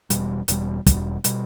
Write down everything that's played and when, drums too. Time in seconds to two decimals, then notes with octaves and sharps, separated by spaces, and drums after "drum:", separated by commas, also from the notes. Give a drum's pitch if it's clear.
0.10 E1 E2 B2 G3, drum: hi-hat
0.48 E1 E2 B2 G3, drum: hi-hat
0.86 E1 E2 B2 G3, drum: kick, hi-hat
1.24 B2 G3, drum: hi-hat